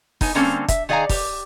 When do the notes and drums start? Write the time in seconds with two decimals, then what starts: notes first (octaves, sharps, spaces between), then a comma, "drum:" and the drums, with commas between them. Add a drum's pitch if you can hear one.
0.21 B3 D#4 G#5, drum: kick, open hi-hat
0.35 D3 G3 A#3 C4 C#4 A4
0.68 E5, drum: kick, hi-hat
0.89 D#3 G#4 D5 F5 G#5 A#5
1.09 G4, drum: kick, open hi-hat